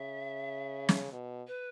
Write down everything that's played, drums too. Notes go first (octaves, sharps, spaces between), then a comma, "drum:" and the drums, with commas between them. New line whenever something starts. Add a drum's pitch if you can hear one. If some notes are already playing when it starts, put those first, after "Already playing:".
Already playing: C#3 E5
drum: snare
B2
B4